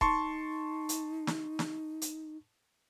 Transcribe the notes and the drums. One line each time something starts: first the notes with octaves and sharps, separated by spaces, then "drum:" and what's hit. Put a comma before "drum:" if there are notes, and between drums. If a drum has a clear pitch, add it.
D#4 A5 C6 C#6, drum: kick
drum: hi-hat
drum: snare
drum: snare
drum: hi-hat